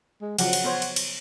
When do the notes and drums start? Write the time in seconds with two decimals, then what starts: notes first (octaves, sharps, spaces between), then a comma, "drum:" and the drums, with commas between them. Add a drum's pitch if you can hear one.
0.21 G#3
0.39 C#3 F3 F#3 F#5, drum: cymbal
0.53 drum: cymbal
0.64 B3 C5 C#5
0.82 drum: cymbal
0.96 drum: cymbal